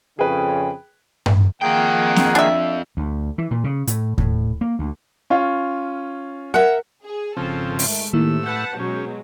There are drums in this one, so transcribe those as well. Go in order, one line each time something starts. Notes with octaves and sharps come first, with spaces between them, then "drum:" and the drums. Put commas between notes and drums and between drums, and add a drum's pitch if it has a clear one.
F2 C#3 G#4 B4 G5
drum: tom G2
F2 D#3 A#3 G#4 F#5 G5
drum: snare C4
D4 E5
D2
E3
A#2
C#3
A2, drum: hi-hat
A2, drum: kick D#2
A#3
D2
C#4 F4
A#4 E5 F#5
G#4
G#1 C#3 F3 C4 A4
D#3 G#3 A3, drum: open hi-hat
A2 C3 D#3 A#3 E4 E6
B4 F#5 A5 G6
B2 F#3 G#3 C#4